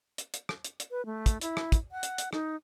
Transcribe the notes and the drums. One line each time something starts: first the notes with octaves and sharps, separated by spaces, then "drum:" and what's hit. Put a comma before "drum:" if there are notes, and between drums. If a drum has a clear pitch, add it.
drum: hi-hat
drum: hi-hat
drum: rim click
drum: hi-hat
drum: hi-hat
B4
A3
drum: kick, hi-hat
E4, drum: hi-hat
drum: rim click
drum: kick, hi-hat
F#5
drum: hi-hat
drum: hi-hat
D#4, drum: rim click